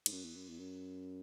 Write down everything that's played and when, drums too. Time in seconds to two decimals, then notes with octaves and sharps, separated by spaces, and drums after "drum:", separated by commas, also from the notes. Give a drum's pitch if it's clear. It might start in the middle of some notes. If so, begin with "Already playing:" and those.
0.06 G#2, drum: cymbal
0.12 F#2
0.24 E2
0.36 F#2
0.48 E2
0.59 F#2